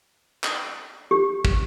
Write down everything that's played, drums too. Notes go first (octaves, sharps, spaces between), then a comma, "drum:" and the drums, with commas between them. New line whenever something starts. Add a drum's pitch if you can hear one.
drum: clap
G4
drum: kick